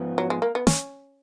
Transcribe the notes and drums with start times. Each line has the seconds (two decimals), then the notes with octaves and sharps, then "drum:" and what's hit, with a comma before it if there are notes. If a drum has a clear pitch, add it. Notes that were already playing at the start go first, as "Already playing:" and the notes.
Already playing: G#2 F3 B3
0.18 F#3
0.30 G#3
0.42 A#3
0.55 B3
0.67 C#4, drum: snare